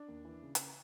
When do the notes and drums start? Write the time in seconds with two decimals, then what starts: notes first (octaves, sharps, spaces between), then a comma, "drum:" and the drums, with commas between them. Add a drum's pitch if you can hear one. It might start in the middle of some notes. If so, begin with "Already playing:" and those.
Already playing: D4
0.08 D#2
0.25 E3
0.43 C#3
0.55 drum: hi-hat